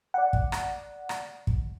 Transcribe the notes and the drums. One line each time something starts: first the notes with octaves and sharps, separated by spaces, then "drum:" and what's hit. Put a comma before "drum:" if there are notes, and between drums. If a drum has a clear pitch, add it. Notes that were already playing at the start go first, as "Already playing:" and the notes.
D5 F#5
drum: kick
drum: rim click
drum: rim click
drum: kick